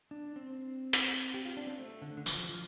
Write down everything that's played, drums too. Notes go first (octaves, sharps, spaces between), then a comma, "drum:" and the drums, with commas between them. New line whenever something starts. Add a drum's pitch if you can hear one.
D4
C4
drum: hi-hat
G4
F4
D4
C4
A3
D3
D3
F3, drum: tambourine
F3